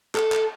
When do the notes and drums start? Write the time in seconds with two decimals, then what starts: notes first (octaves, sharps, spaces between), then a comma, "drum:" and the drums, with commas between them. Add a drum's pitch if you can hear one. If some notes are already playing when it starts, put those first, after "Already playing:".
0.15 A4, drum: clap
0.32 drum: clap